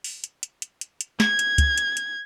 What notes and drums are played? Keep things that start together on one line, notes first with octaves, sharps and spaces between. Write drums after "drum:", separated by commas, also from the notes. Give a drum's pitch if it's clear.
drum: open hi-hat
drum: hi-hat
drum: hi-hat
drum: hi-hat
drum: hi-hat
drum: hi-hat
G#6, drum: snare
drum: hi-hat
drum: kick, hi-hat
drum: hi-hat
drum: hi-hat